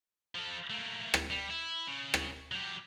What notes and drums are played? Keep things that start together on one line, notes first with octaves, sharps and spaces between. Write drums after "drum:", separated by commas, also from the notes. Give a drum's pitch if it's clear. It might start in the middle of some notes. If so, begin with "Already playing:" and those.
F3 A4
A3 A#3
drum: rim click
G3
E4
C#3
drum: rim click
F#3 G4